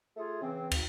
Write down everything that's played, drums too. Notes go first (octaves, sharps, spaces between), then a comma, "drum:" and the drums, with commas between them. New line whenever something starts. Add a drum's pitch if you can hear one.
A3 F4 G#4
C#3 E3 C4
D2, drum: cymbal